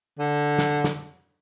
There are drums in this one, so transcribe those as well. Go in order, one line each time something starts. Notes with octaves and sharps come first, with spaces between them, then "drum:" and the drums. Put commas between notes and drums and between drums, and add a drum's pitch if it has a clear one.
D3
drum: snare
drum: snare